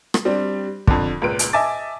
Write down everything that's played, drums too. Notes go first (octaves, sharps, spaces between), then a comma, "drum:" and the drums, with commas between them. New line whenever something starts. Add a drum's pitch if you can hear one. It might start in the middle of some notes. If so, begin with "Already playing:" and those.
drum: rim click
G3 C4 D4
F2 D3, drum: kick
C#2 A#2 B4 D7
drum: hi-hat
D#5 E5 G#5 A5 D6 A6